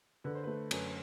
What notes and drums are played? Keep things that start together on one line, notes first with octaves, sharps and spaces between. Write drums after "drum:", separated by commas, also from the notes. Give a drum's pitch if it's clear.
D3 B4
C5
A3 B4
F#2 B4, drum: cymbal